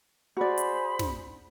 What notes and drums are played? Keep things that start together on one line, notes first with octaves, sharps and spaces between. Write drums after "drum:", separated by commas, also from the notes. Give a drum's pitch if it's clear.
F#4 G#4 C5 D5 B5
drum: hi-hat
drum: snare